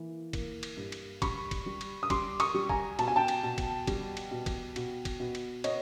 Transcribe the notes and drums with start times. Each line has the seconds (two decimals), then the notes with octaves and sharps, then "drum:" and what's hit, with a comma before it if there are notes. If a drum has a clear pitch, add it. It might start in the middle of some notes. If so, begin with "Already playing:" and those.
Already playing: E3 A#3
0.33 A#3, drum: kick, cymbal
0.63 drum: cymbal
0.77 G2
0.92 drum: cymbal
1.22 G3 B5 C#6, drum: kick, cymbal
1.51 drum: kick, cymbal
1.66 G3
1.81 drum: cymbal
2.03 D#6
2.10 G3 C6 D6, drum: kick, cymbal
2.40 C#6 D#6, drum: cymbal
2.54 G3
2.69 G#5 A#5, drum: kick
2.99 B2 A5, drum: cymbal
3.08 G#5
3.16 G5 A5
3.28 drum: cymbal
3.43 B2
3.58 drum: kick, cymbal
3.87 G3, drum: kick, cymbal
4.17 drum: cymbal
4.31 B2
4.46 drum: kick, cymbal
4.76 B2, drum: cymbal
5.05 drum: kick, cymbal
5.20 B2
5.35 drum: cymbal
5.64 B3 C#5 D#5, drum: cymbal